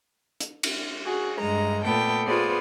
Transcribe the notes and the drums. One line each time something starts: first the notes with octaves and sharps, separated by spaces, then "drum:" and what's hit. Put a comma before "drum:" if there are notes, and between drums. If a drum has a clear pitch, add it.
drum: hi-hat
drum: cymbal
F#4 G#4
G2 G#3 A#5
A#2 A3 B3 A4 G5
B3 F4 G#4 C5 D5